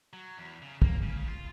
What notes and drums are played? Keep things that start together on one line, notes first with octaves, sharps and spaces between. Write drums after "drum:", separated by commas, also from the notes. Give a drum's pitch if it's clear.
F#3
E2
C#3
A#3, drum: kick
C#3
F4